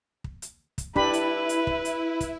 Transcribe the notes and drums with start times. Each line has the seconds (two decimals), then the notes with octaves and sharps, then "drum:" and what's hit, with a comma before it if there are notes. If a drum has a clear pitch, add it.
0.24 drum: kick
0.42 drum: hi-hat
0.78 drum: kick, hi-hat
0.96 D4 E4 G4 B4 B5, drum: kick
1.13 drum: hi-hat
1.49 drum: hi-hat
1.67 drum: kick
1.85 drum: hi-hat
2.20 drum: kick, hi-hat